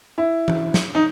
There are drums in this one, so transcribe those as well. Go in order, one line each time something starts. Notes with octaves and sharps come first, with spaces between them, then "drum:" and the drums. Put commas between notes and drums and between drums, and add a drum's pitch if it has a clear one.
E4
drum: tom E3
drum: snare
D#4